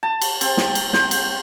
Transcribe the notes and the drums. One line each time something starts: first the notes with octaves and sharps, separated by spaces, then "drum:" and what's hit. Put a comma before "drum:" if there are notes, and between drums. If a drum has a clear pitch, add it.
A5
drum: cymbal
C4, drum: cymbal
drum: snare
drum: cymbal
C5, drum: snare
drum: cymbal